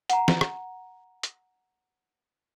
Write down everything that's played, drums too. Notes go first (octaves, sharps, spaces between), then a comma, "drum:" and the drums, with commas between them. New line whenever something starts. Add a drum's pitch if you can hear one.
F#5 A#5, drum: hi-hat
drum: snare
drum: rim click
drum: hi-hat